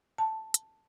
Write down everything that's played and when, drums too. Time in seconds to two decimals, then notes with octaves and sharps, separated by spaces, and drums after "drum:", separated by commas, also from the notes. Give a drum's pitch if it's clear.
0.18 A5
0.54 drum: hi-hat